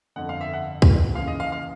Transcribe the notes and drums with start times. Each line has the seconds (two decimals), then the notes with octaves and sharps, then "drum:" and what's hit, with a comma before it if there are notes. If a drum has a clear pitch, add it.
0.16 G1 F2 D3 F#5
0.29 F5
0.41 E5
0.53 F#5
0.82 drum: kick
1.15 D#2 C#3 E3 F5
1.27 D#5
1.40 F5
1.52 F5